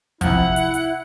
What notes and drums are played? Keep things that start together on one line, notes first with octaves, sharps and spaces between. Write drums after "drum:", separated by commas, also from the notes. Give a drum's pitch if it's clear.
C3 F3 E4 F#5, drum: kick, hi-hat
drum: hi-hat
drum: hi-hat